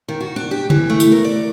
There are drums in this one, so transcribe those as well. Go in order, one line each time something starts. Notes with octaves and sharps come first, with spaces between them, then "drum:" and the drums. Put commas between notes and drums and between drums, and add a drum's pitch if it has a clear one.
D#3
F#4
D4
G4
E3, drum: tom C#3
A3
drum: tambourine
A#4
D5